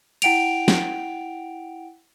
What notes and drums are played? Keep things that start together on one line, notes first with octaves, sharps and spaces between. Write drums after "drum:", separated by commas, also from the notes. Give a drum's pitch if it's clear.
E4 F#5 G5 D7 F7, drum: cymbal
drum: snare